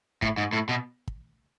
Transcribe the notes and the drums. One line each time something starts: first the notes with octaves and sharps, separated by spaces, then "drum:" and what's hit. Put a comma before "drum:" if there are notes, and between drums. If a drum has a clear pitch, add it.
A2, drum: kick
G#2
A2
B2
drum: kick